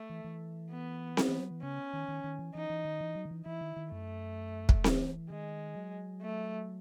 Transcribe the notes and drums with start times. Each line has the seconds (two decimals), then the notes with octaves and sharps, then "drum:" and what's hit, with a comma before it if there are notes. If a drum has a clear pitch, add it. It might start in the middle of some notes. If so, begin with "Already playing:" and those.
Already playing: A3
0.10 E3
0.25 E3
0.71 B3
1.17 drum: snare C4
1.29 E3
1.40 F#3
1.51 E3
1.63 C#3 C#4
1.93 D#3
2.09 D#3
2.24 D#3
2.39 E3
2.55 E3 D#4
2.70 E3
2.85 D#3
3.01 E3
3.15 F#3
3.25 D#3
3.31 E3
3.46 E3 E4
3.61 D#3
3.77 D#3
3.92 F#2 A3
4.69 drum: kick
4.84 E3, drum: snare C4
5.30 D#3 G#3
5.76 F#3
6.22 A3